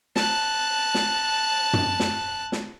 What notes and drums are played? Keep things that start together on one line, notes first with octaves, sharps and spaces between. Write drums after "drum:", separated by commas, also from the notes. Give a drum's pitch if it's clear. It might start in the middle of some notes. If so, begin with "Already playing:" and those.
A5 F#6, drum: snare
drum: snare
drum: tom
drum: snare
drum: snare